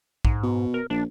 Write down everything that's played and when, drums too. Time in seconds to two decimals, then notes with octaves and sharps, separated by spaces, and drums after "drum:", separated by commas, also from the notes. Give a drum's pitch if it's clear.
0.25 G#2, drum: kick A#1
0.43 B2
0.74 A#4
0.90 A#1 D4